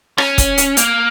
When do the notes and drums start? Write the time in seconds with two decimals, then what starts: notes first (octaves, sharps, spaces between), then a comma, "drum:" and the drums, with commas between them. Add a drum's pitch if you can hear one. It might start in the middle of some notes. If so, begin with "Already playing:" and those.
0.18 C#4, drum: rim click
0.38 drum: kick, hi-hat
0.58 drum: hi-hat
0.77 A#3, drum: hi-hat